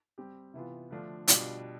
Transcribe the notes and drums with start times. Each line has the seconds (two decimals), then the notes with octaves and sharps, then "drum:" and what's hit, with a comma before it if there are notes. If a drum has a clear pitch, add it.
0.18 G3 C4 G4
0.54 C3 E3 B3 F4
0.91 D3 F3 A3 D4 F4
1.28 B2 G3 D4 F4, drum: hi-hat